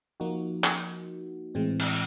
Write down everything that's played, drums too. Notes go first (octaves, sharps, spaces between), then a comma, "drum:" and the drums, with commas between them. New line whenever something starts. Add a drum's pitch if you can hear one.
F3 A#3 D#4 F#4
drum: clap
A2 E3 G#3 C4
drum: cymbal